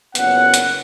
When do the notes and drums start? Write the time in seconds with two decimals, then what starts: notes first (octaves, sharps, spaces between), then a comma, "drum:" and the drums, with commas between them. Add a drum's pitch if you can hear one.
0.15 F#1 A#2 B3 C#4 F#5, drum: hi-hat
0.54 drum: hi-hat